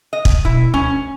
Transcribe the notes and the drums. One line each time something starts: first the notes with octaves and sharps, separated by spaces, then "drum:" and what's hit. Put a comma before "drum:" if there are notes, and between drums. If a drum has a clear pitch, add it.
D#5
drum: kick
B2 E4
D2 D#3 C#4